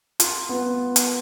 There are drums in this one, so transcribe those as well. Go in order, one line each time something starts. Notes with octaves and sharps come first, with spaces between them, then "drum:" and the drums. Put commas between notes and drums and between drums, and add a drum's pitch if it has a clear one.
F4, drum: hi-hat
B3
drum: hi-hat